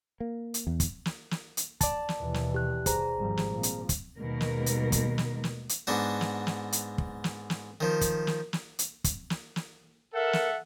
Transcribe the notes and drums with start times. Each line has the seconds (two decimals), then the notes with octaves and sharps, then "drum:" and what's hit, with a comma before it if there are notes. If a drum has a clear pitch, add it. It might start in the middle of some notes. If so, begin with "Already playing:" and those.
0.20 A#3
0.54 drum: hi-hat
0.67 E2
0.80 drum: kick, hi-hat
1.06 drum: snare
1.31 drum: snare
1.57 drum: hi-hat
1.81 D5 A5, drum: kick, hi-hat
2.09 drum: snare
2.19 D#2 B2 E3
2.34 drum: snare
2.54 G4 F#6
2.86 G#4 C5 A#5, drum: kick, hi-hat
3.18 G#1 F3 G3
3.37 drum: snare
3.52 A#2 F3 C4
3.63 drum: hi-hat
3.89 drum: kick, hi-hat
4.19 D#2 B2 D#3 G3 G#3 A#4
4.41 drum: snare
4.66 drum: hi-hat
4.92 drum: kick, hi-hat
5.18 drum: snare
5.44 drum: snare
5.69 drum: hi-hat
5.87 G#2 B3 D4 F#4
6.21 drum: snare
6.47 drum: snare
6.72 drum: hi-hat
6.98 drum: kick
7.24 drum: snare
7.50 drum: snare
7.80 D#3 F3
8.01 drum: kick, hi-hat
8.27 drum: snare
8.53 drum: snare
8.79 drum: hi-hat
9.04 drum: kick, hi-hat
9.30 drum: snare
9.56 drum: snare
10.13 A4 A#4 E5 F#5
10.33 drum: snare